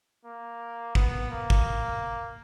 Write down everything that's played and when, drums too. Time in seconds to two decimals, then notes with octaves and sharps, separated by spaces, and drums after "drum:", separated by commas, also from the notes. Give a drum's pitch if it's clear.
0.24 A#3
0.95 B3, drum: kick
1.31 A#3
1.50 drum: kick